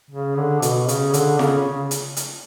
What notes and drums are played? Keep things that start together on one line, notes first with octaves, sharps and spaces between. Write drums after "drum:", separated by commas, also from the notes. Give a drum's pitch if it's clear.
C#3
D3
B2, drum: hi-hat
C#3, drum: hi-hat
D3, drum: hi-hat
C#3, drum: snare F4
C#3
drum: hi-hat
drum: hi-hat